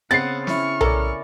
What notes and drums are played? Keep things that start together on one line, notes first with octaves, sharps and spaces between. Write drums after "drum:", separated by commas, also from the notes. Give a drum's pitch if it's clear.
C#3 B3 C4 F#5 A6 C7
C#4 E4 C#6 F6, drum: snare
C#4 A4 A#4 D5, drum: tom B1